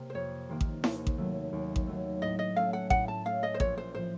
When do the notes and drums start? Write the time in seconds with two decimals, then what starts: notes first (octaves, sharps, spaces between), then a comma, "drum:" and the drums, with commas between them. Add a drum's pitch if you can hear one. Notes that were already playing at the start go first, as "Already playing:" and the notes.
Already playing: C3 A#3
0.10 C5
0.14 F2 C#5
0.49 C3 D#3 A#3
0.61 drum: kick A1
0.84 D#2, drum: snare E4
1.07 drum: kick A1
1.18 D#3 F#3 A3
1.53 D#2
1.76 drum: kick A1
1.87 D#3 F#3 A3
2.22 A2 D#5
2.39 D#5
2.56 A3 C#4 A4 F5
2.73 F#5
2.90 A2 F#5, drum: kick A1
3.08 A5
3.25 A3 C#4 A4 F5
3.43 D#5
3.54 C5
3.60 A#1 C#5, drum: kick A1
3.78 C5
3.94 A2 F3 C5